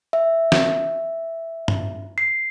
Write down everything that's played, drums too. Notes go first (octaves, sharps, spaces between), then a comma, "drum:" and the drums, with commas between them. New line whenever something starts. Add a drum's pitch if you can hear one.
E5
drum: snare
drum: tom
C7